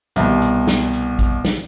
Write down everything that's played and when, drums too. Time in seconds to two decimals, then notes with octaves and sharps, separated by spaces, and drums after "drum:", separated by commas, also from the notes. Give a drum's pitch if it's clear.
0.16 C2 B2, drum: hi-hat
0.42 drum: hi-hat
0.67 drum: snare
0.93 drum: hi-hat
1.19 drum: kick A1, hi-hat
1.45 drum: snare